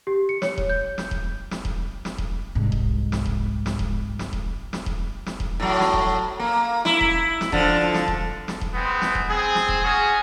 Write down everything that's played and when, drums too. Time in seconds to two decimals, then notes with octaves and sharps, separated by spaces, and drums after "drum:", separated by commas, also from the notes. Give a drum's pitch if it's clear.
0.07 G4
0.29 C#7
0.42 C#5, drum: snare
0.58 drum: kick D#1
0.69 G6
0.98 drum: snare
1.11 drum: kick D#1
1.51 drum: snare
1.65 drum: kick D#1
2.05 drum: snare
2.18 drum: kick D#1
2.55 C2 G#2
2.72 drum: kick D#1
3.12 drum: snare
3.26 drum: kick D#1
3.66 drum: snare
3.79 drum: kick D#1
4.19 drum: snare
4.33 drum: kick D#1
4.73 drum: snare
4.86 drum: kick D#1
5.26 drum: snare
5.40 drum: kick D#1
5.60 A2 F#3
5.80 drum: snare
5.93 drum: kick D#1
6.39 A#3
6.85 E4, drum: snare
7.01 drum: kick D#1
7.41 drum: snare
7.52 D3 F3, drum: kick D#1
7.94 drum: snare
8.08 drum: kick D#1
8.48 drum: snare
8.61 drum: kick D#1
8.74 G#3 B3 C4
9.02 drum: snare
9.15 drum: kick D#1
9.28 C4 G#4
9.55 drum: snare
9.69 drum: kick D#1
9.83 C#4 F#4 G#4